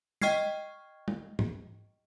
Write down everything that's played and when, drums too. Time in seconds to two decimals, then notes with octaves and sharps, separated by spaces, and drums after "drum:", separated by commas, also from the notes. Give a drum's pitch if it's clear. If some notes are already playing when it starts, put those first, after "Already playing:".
0.21 D#5 G5 C#6 F6 G#6 C7, drum: tom
1.08 drum: tom
1.39 drum: tom